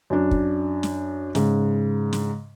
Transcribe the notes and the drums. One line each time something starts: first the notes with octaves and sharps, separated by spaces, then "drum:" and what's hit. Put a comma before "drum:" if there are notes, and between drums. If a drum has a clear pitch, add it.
F#2 D4
drum: kick
drum: snare
G#2 C#3, drum: snare
drum: snare